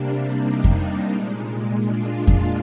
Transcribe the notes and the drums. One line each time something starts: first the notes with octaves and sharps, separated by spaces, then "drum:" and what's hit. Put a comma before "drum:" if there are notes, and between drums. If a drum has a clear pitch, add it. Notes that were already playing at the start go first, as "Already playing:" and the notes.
Already playing: C3 G3 A#3 D4
D#4
drum: kick F2
A#2 G#3
D4 F4
drum: kick F2